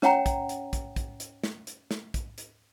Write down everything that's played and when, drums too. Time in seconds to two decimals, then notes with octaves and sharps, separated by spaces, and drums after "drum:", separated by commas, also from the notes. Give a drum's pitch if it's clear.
0.02 C#4 C#5 F#5 G5 A#5, drum: snare
0.26 drum: kick, hi-hat
0.49 drum: hi-hat
0.73 drum: kick, hi-hat
0.96 drum: kick, hi-hat
1.20 drum: hi-hat
1.44 drum: snare
1.67 drum: hi-hat
1.91 drum: snare
2.14 drum: kick, hi-hat
2.38 drum: hi-hat